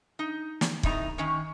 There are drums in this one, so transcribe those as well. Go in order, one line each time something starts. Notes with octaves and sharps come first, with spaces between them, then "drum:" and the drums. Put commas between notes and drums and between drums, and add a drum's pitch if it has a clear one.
D#4
drum: snare
A2 C3 D#4 A#5, drum: kick
D#3 C#4